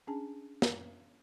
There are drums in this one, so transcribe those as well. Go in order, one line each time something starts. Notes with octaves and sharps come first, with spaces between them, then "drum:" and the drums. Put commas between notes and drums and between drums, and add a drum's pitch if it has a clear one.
C#4 D4 G#4 G#5 A5
drum: snare